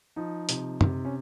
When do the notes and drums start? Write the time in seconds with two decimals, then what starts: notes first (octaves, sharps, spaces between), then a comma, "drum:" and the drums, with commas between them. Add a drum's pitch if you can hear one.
0.16 F3 D#4
0.49 C3, drum: hi-hat
0.81 C3, drum: tom
1.05 C#4